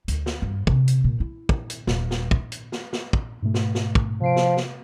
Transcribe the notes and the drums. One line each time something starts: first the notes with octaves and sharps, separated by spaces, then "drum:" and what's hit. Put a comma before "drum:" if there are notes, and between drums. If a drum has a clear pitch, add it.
D2, drum: hi-hat
drum: snare
G2
C3, drum: kick
drum: hi-hat
A#2
E4
drum: kick
drum: hi-hat
D#1, drum: snare
drum: snare
drum: kick
drum: hi-hat
drum: snare
drum: snare
drum: kick
G#2 B2 A3
drum: snare
drum: snare
drum: kick
C3 F3 C7 D7
drum: snare
drum: snare